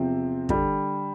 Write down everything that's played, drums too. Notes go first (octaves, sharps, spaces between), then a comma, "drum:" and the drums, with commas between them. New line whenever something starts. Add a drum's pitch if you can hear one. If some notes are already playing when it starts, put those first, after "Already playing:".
Already playing: E2 C3 F3 C4
D3 G3, drum: kick